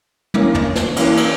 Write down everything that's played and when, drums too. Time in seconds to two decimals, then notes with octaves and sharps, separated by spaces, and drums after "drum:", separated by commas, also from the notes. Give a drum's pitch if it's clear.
0.34 E3 A#3 C#4, drum: tom
0.55 drum: tom
0.76 drum: snare
0.97 E3 A#3 C#4, drum: cymbal
1.17 drum: cymbal